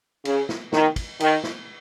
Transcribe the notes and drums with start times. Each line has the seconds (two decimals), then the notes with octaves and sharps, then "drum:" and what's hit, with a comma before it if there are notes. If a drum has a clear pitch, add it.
0.25 C#3, drum: cymbal
0.49 drum: snare
0.72 D#3, drum: snare
0.96 drum: kick, cymbal
1.20 D#3, drum: cymbal
1.43 drum: snare